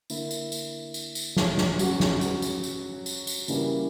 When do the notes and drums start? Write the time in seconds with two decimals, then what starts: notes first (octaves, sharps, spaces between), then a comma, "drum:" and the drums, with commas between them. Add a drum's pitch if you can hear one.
0.10 D3 A#3 E4, drum: tambourine
0.31 drum: tambourine
0.52 drum: tambourine
0.94 drum: tambourine
1.15 drum: tambourine
1.37 drum: snare
1.58 drum: snare
1.79 F#3 C#4 F#4, drum: tambourine
2.00 drum: snare
2.21 drum: tambourine
2.42 drum: tambourine
2.64 drum: tambourine
3.06 drum: tambourine
3.27 drum: tambourine
3.48 C#3 E3 G3 A#3 D4, drum: tambourine